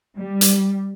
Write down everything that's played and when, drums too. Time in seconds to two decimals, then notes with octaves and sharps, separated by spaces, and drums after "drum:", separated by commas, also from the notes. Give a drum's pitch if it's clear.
0.17 G3
0.41 drum: hi-hat